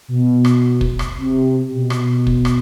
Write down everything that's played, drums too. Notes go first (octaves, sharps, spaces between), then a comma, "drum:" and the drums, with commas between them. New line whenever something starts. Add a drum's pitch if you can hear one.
B2
drum: rim click
drum: kick
drum: rim click
C3
B2
drum: rim click
drum: kick
drum: rim click